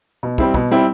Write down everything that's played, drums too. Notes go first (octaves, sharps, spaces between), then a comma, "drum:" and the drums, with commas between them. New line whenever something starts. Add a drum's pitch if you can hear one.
B2
G3 C4 E4, drum: kick
B2, drum: kick
G3 C4 E4